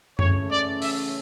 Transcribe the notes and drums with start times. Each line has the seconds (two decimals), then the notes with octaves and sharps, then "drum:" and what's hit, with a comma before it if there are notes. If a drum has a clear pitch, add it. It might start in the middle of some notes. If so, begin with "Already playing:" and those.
0.19 C#3 E3 A3 C#4 C#5, drum: tom F#2
0.50 D5
0.82 E5, drum: open hi-hat